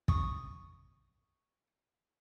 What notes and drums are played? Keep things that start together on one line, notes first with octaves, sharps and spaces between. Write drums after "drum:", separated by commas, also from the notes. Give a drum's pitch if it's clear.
C#6 D#6, drum: kick